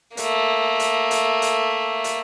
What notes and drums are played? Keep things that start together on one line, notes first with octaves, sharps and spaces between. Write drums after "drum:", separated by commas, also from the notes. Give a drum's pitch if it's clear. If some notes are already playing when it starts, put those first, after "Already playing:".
A3 A#3, drum: hi-hat
drum: hi-hat
drum: hi-hat
drum: hi-hat
drum: hi-hat